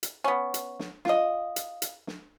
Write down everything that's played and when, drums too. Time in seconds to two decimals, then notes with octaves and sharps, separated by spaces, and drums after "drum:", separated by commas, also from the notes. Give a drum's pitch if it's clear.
0.03 drum: hi-hat
0.24 B3 C#4
0.54 drum: hi-hat
0.79 drum: snare
1.05 F4 D#5, drum: snare
1.56 drum: hi-hat
1.82 drum: hi-hat
2.07 drum: snare